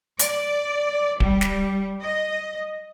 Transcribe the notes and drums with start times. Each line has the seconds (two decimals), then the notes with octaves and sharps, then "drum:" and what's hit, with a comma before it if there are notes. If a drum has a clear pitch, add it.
0.19 D5, drum: hi-hat
1.20 G3, drum: kick D1
1.41 drum: snare
2.01 D#5